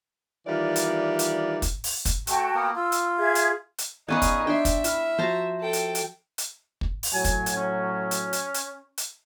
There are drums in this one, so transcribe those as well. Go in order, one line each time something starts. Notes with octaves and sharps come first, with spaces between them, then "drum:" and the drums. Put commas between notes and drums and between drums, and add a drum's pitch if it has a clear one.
D#3 E3 G3 F4 D5
drum: hi-hat
drum: hi-hat
drum: kick, hi-hat
drum: open hi-hat
drum: kick, hi-hat
A3 F#4 G5 A5, drum: hi-hat
A#3 B3
F4 E6
drum: hi-hat
G#4 E5 G#6
drum: hi-hat
drum: hi-hat
B3 C#4 D#4 G#4 B4 D5 F5 D#7
drum: kick, hi-hat
D4 D5 E5 G5 C6
drum: kick, hi-hat
E4 B5 F6, drum: hi-hat
F3 F#4 C5 A5 A#5
A4 G5
drum: hi-hat
drum: hi-hat
drum: hi-hat
drum: kick
drum: open hi-hat
A2 F#3 G#5
drum: kick, hi-hat
drum: hi-hat
C#4
drum: hi-hat
drum: hi-hat
drum: hi-hat
drum: hi-hat